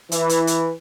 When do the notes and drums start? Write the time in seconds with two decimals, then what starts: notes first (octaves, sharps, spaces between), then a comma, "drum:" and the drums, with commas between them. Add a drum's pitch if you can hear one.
0.12 E3, drum: hi-hat
0.29 drum: hi-hat
0.47 drum: hi-hat